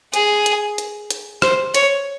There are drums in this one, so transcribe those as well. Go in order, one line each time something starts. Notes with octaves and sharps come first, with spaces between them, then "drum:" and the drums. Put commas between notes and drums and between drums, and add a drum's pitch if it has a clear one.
G#4, drum: hi-hat
drum: hi-hat
drum: hi-hat
drum: hi-hat
C5, drum: rim click
C#5, drum: hi-hat